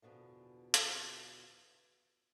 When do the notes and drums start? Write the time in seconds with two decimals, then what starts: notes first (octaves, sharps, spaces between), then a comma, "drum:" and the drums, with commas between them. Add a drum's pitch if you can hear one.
0.02 E2 G2 B2 D3 F3
0.74 drum: hi-hat